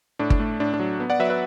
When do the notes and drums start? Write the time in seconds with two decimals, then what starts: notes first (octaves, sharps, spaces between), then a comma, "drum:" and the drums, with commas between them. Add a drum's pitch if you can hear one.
0.19 A2 D4
0.30 drum: kick G1
0.40 A3
0.60 A2 D4
0.74 D4
0.80 F#3
1.00 B3
1.10 D5 F#5
1.19 F#3 B4 E5
1.30 B4 E5